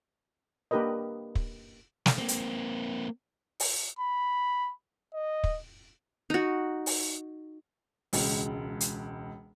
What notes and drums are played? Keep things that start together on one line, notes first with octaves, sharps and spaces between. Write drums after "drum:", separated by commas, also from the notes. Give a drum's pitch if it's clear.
A#3 D4 G4 A#4 B4 D#5
drum: kick
drum: snare
A#3 C4
drum: hi-hat
drum: open hi-hat
B5
D#5
drum: kick
D#4 F#4
drum: open hi-hat
E1 C#2, drum: open hi-hat
drum: hi-hat